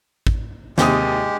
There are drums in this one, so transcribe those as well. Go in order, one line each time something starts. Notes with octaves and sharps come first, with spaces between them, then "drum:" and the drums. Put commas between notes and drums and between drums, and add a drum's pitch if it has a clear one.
drum: kick
D#2 C3 G#3 G4 D#6, drum: snare